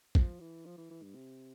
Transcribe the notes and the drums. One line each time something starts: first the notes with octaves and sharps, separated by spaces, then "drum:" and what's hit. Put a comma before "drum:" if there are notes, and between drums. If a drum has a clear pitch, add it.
F3, drum: kick
E3
F3
E3
E3
G2
C3